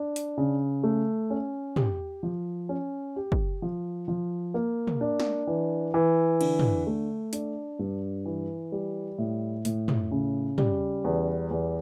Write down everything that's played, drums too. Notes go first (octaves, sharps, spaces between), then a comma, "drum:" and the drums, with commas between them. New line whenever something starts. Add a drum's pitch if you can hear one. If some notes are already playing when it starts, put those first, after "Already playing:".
Already playing: D4
drum: hi-hat
C#3
A3
C#4
G4, drum: tom
F3
C#4
G4
drum: kick
F3
F3
A#3
drum: tom
D4
drum: snare
E3
E3
D3, drum: cymbal
drum: tom
A3
D4, drum: hi-hat
G2
E3
G3
A2
A2, drum: hi-hat
drum: tom
C#3
G3, drum: tom
E2
E2